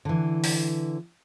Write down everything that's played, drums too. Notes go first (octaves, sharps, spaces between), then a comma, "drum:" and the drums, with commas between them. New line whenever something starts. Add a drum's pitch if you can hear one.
D3 E3
drum: open hi-hat